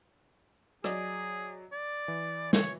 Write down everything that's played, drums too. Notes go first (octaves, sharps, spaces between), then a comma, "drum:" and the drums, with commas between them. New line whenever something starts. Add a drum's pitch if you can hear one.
F#3 G#4 D5 D#5, drum: rim click
D5
E3
C#5, drum: snare